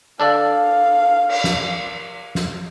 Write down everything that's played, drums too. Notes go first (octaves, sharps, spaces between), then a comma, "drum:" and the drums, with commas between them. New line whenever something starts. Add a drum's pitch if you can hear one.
D4 A4 D5 F5
drum: cymbal
drum: snare
drum: snare